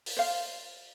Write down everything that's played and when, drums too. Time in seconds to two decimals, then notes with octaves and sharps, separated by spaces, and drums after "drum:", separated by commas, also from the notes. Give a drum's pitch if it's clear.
0.06 drum: open hi-hat
0.17 C5 F5